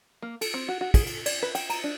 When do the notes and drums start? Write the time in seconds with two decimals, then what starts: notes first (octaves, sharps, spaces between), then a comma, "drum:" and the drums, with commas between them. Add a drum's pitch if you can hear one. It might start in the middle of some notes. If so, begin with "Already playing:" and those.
0.22 A#3
0.41 A4, drum: cymbal
0.54 C4
0.68 F#4
0.81 F#4
0.94 G#4, drum: kick, cymbal
1.06 A4, drum: cymbal
1.26 D5, drum: cymbal
1.42 B4
1.55 G5, drum: cymbal
1.69 A#5, drum: cymbal
1.84 D4